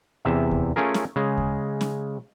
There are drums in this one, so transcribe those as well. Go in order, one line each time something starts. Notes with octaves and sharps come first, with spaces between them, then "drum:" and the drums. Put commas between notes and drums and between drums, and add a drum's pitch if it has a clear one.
E2 C3 E5
drum: kick D2
A3 C#4 F4 G#4 A#4
drum: snare
C#3 G#3
drum: kick D2
drum: snare